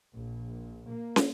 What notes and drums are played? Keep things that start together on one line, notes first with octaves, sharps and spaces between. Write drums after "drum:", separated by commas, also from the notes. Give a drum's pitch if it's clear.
A#1
A#3
drum: snare